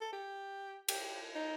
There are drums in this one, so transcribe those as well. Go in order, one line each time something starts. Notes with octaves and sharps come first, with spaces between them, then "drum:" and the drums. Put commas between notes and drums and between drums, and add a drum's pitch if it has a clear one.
A4
G4
G4, drum: cymbal
G4
D#4